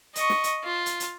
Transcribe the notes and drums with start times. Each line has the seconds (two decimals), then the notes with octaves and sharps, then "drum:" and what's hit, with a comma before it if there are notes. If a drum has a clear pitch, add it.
0.15 D#5 C#6, drum: hi-hat
0.30 drum: snare
0.44 drum: hi-hat
0.64 F4
0.86 drum: hi-hat
1.00 drum: hi-hat